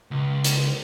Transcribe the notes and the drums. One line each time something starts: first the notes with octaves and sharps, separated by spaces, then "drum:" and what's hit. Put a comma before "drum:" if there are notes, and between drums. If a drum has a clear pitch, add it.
C#2
drum: hi-hat